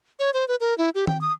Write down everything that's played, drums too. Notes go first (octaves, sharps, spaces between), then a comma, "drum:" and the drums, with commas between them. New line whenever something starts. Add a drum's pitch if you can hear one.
C#5
C5
B4
A#4
E4
G4
G5, drum: tom D#3
D#6